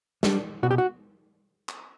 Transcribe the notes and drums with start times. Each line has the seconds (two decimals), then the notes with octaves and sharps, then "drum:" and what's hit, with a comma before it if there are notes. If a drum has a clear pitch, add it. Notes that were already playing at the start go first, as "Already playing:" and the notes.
0.23 G3 D4, drum: snare
0.63 B2 F#4
0.71 G4
0.78 F#4
1.69 drum: clap